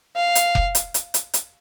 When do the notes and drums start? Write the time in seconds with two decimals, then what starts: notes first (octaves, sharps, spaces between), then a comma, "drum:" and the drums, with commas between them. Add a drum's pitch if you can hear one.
0.16 F5
0.35 drum: hi-hat
0.55 drum: kick F1
0.75 drum: hi-hat
0.94 drum: hi-hat
1.14 drum: hi-hat
1.34 drum: hi-hat